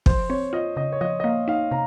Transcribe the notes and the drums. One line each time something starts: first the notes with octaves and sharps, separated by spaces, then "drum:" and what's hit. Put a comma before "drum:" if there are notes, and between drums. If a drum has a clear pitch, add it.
F3 C5, drum: kick
C4 C#5
F4 D#5
C#3 D#5
C#5
F3 D#5
D#5
A#3 F5
D#4 F5
C3 A#5